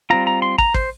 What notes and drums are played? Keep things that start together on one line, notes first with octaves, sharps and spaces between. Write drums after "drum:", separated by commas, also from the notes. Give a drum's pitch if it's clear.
G3 C4 F4 A#5
A#5
C6
A#5, drum: kick
C5, drum: kick